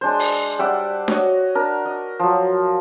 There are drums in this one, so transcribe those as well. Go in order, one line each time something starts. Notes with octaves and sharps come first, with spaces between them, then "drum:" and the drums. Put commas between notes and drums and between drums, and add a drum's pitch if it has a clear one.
G#3 D4 C5
drum: open hi-hat
G3 E5 F#5 D6
F#4 C#5 D#5, drum: snare D4
D4 A#4
D#5
F3 F#3